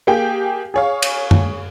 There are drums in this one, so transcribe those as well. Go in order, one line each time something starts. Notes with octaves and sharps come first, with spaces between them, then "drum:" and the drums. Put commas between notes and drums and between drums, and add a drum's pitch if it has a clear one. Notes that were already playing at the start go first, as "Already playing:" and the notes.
A#3 G4 G#4 G5
G#4 C#5 F5
drum: cymbal
drum: tom F#2